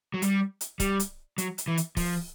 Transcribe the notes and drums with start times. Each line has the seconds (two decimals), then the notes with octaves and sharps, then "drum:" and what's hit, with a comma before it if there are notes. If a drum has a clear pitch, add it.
0.14 F#3
0.22 G3, drum: hi-hat
0.61 drum: hi-hat
0.80 G3, drum: kick C#1, hi-hat
1.00 drum: hi-hat
1.38 F#3, drum: hi-hat
1.58 drum: hi-hat
1.68 E3
1.77 drum: hi-hat
1.97 F3, drum: kick C#1, open hi-hat